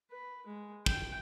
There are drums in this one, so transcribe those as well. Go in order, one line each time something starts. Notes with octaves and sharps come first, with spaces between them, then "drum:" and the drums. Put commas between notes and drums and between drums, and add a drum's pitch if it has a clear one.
B4
G#3
G5, drum: kick